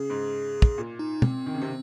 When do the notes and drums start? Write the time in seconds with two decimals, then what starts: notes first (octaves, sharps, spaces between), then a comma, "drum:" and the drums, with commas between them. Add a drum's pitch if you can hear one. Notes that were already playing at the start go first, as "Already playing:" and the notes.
Already playing: C#3 G#4
0.10 G#2
0.62 drum: kick
0.78 A#2
0.99 D#4
1.22 C4, drum: tom
1.46 D#3
1.54 C#3
1.62 C3